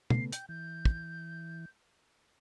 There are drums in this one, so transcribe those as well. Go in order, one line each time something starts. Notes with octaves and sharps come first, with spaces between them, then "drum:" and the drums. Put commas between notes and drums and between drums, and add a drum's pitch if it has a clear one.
C#3 A3 B3 C7, drum: tom
G5 G6, drum: hi-hat
E3 G6
drum: kick